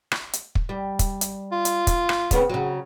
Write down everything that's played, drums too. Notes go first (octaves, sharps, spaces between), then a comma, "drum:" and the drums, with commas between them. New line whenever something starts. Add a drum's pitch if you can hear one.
drum: rim click
drum: hi-hat
drum: kick
G3
drum: kick, hi-hat
drum: hi-hat
F4
drum: hi-hat
drum: kick, hi-hat
drum: rim click
C#3 B3 C4, drum: kick, hi-hat
C#3 F#3